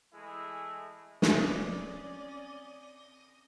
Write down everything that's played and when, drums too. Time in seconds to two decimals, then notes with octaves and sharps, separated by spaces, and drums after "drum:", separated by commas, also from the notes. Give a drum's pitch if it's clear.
0.13 E3 G#3 A3 E4
1.22 C4 C#4 D5 D#5, drum: snare